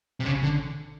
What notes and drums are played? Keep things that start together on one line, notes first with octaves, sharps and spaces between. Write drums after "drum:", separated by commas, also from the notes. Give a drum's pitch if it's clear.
C3
C#3, drum: kick G#1
D3